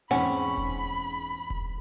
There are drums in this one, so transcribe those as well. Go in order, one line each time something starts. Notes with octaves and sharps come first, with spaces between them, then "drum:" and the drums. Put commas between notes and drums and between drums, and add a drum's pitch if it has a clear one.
E2 G#2 C4 C#4 F#5 B5
drum: kick E1
drum: kick E1